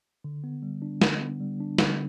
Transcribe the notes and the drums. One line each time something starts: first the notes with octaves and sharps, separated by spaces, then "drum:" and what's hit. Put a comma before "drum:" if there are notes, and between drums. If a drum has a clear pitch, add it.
D3
B3
G3
D4
D3, drum: snare
B3
G3
D4
D3, drum: snare